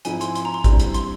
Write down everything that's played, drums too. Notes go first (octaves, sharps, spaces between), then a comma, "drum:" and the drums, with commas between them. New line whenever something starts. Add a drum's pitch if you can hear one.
G#2 F3 C4 E4 G#5, drum: hi-hat
C6, drum: hi-hat
C6, drum: hi-hat
A#5
C6
G2 G3 C4 E4, drum: kick, hi-hat
drum: hi-hat
C6, drum: hi-hat